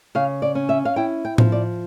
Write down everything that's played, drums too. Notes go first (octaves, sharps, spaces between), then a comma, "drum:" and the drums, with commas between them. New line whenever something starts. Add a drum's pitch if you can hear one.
C#3 F5
D5
C#4
E5
F5
E4 G5
G5
F3, drum: tom A2
D5